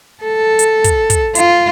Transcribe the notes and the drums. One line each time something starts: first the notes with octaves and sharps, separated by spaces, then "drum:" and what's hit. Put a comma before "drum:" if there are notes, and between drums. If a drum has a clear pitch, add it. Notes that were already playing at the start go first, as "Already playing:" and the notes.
A4
drum: hi-hat
drum: kick, hi-hat
drum: kick, hi-hat
F4, drum: hi-hat